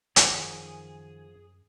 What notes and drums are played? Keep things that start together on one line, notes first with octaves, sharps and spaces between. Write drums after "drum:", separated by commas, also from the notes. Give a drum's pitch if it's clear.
F#2 D#3 F3 G#4 F#5, drum: hi-hat